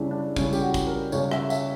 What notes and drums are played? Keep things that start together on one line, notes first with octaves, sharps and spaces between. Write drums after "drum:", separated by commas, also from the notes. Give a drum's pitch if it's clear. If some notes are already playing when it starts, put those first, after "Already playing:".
Already playing: C#2 C#3 G3 C#4 D4 E4
D4
C#2 C#3 G3 C#4 E4, drum: kick, tambourine
G4, drum: tambourine
F#4
drum: kick, tambourine
A#4
C#2 C#3 G3 C#4 C#5, drum: tambourine
E5, drum: rim click
E5, drum: tambourine